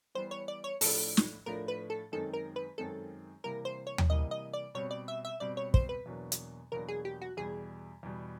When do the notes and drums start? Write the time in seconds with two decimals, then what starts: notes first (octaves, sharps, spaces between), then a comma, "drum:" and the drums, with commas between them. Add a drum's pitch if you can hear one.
0.15 E3 G3 B3 C5
0.31 C#5
0.48 D5
0.64 C#5
0.81 A2 F3 A3 D4 A4, drum: open hi-hat
1.17 drum: snare
1.46 A2 F3 A3 D4 A#4
1.68 B4
1.90 A4
2.12 F#2 D#3 G#3 C4 D#4 A4
2.34 A#4
2.56 B4
2.78 F#2 D#3 G#3 C4 D#4 A4
3.44 C3 E3 G3 A#3 A#4
3.65 C5
3.87 C#5
3.98 drum: tom
4.09 C3 E3 G3 A#3 D#5
4.31 D#5
4.54 D5
4.75 B2 G3 C4 C#5
4.91 D5
5.08 E5
5.25 E5
5.40 B2 G3 C4 D5
5.57 C#5
5.74 C5, drum: kick
5.89 B4
6.06 E2 B2 F#3 A#3 D4
6.32 drum: hi-hat
6.72 E2 B2 F#3 A#3 D4 A#4
6.88 G#4
7.05 G4
7.22 F#4
7.37 E2 B2 G3 G#4
8.03 E2 B2 G3